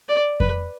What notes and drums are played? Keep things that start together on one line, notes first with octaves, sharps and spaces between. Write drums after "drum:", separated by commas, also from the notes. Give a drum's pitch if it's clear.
D5
B4, drum: kick F2